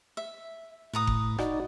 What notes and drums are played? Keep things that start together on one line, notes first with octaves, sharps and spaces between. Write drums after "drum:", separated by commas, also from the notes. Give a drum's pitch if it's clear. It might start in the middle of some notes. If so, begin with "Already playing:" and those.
E5
A2 B4 A#5 D#6
drum: kick F#1
D#4 F#4 D5, drum: rim click